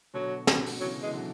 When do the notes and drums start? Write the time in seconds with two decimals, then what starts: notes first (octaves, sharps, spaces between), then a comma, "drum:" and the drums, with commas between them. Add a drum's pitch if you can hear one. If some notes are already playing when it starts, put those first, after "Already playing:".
0.14 B2 D3 F#3
0.47 B2 D3, drum: snare
0.66 drum: open hi-hat
0.81 C#3 E3 F#3
1.03 E3 G#3
1.13 D3 F#3